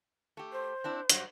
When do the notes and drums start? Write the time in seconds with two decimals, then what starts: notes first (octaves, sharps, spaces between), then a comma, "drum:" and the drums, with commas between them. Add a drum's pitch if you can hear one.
0.37 A3 G4
0.52 C5
0.84 C4 D4 E4
1.09 G2 F#3 G3, drum: hi-hat